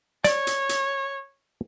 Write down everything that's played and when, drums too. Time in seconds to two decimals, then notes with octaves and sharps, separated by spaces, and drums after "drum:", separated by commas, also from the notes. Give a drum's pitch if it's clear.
0.24 C#5 D5, drum: hi-hat
0.47 drum: hi-hat
0.69 drum: hi-hat